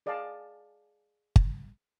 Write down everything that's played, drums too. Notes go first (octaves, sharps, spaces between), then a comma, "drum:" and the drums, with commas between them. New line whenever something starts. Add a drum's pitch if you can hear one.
G#4 D5 D#5 F5 A5
drum: kick G1